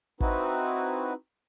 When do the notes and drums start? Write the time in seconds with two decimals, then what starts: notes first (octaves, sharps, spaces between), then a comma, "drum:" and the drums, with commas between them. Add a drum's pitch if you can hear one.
0.20 C4 D#4 E4 F#4 B4, drum: kick